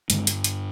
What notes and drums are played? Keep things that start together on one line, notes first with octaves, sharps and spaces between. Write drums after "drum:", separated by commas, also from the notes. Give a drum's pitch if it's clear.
G2 D3 G#3, drum: hi-hat
drum: hi-hat
drum: hi-hat